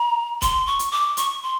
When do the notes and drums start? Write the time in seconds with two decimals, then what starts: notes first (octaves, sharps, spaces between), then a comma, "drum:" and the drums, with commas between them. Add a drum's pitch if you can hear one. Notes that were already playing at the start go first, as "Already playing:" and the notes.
Already playing: A#5
0.42 C6, drum: kick C#1, hi-hat
0.66 C#6
0.79 drum: hi-hat
0.91 D6
1.17 C#6, drum: hi-hat
1.43 C6